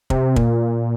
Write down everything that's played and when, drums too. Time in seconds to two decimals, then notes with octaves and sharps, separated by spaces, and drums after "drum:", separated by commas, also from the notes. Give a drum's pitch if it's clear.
0.10 C3, drum: kick
0.36 A#2, drum: kick